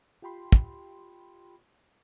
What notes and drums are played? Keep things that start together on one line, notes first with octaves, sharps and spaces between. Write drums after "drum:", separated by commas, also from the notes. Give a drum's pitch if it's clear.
F4 G4 G5 B5 C6
drum: kick